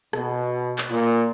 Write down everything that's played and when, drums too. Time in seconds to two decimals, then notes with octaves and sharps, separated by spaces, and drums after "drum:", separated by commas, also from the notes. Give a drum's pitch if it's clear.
0.13 B2, drum: rim click
0.78 drum: clap
0.90 A#2